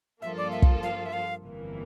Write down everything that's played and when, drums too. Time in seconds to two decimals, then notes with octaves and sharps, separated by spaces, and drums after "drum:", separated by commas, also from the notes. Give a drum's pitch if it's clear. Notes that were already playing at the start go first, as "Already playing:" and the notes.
0.22 G2 F3 A#3 F4 A4 E5
0.37 D5
0.52 E5
0.62 drum: kick
0.83 F5
1.06 E5
1.13 F5
1.43 G1 F2 E3 A#3